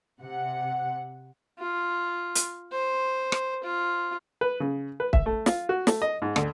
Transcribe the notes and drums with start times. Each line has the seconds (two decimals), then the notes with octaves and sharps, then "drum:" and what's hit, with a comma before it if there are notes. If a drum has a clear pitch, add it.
0.21 C3 F#5
1.59 F4
2.35 drum: hi-hat
2.72 C5
3.32 drum: rim click
3.64 F4
4.41 B4
4.60 C#3
5.00 B4
5.13 E5, drum: kick
5.26 A3
5.46 F4, drum: snare
5.69 F#4
5.87 A3, drum: snare
6.02 D#5
6.22 G#2
6.36 D2, drum: rim click